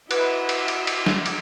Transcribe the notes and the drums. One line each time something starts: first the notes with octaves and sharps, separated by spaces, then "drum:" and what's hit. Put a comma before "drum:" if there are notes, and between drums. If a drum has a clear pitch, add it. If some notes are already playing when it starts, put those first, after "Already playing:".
E4 F#4 B4 D#5 E5, drum: cymbal
drum: cymbal
drum: cymbal
drum: cymbal
drum: snare
drum: cymbal